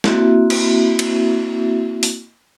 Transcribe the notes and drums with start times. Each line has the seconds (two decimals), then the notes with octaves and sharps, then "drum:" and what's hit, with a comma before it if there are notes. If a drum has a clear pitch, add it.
0.04 A#3 C4 E4 F#4 E5, drum: snare
0.50 drum: cymbal
0.99 drum: cymbal
2.03 drum: open hi-hat